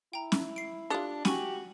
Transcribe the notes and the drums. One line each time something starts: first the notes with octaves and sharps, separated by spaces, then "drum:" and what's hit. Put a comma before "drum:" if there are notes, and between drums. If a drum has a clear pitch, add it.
E4 G5 A#5
drum: snare C#4
C7 D7
D4 F4 G4 A4 D#6 F#6
F#4 G4 G#5 C#6, drum: snare C#4